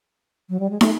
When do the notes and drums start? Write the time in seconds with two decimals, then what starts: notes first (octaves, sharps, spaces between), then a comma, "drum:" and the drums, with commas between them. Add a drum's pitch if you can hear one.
0.50 F#3
0.60 G3
0.70 G#3
0.81 A3, drum: snare